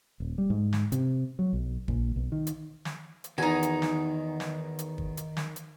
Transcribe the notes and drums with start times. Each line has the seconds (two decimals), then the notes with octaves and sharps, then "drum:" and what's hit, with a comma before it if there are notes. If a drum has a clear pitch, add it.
0.20 D#1
0.38 G3
0.50 G#2
0.73 drum: snare
0.92 C3, drum: hi-hat
1.39 F#3
1.53 B1
1.88 A#1, drum: kick
2.16 B1
2.32 D#3
2.47 drum: hi-hat
2.85 drum: snare
3.24 drum: hi-hat
3.38 E2 D#3 D#4 F#4 G#5
3.63 drum: hi-hat
3.82 drum: snare
4.40 drum: snare
4.79 drum: hi-hat
4.98 drum: kick
5.17 drum: hi-hat
5.37 drum: snare
5.56 drum: hi-hat